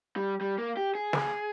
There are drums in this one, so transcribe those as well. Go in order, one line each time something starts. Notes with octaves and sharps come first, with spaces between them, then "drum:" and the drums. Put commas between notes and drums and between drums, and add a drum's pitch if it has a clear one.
G3
G3
A#3
G4
G#4
drum: snare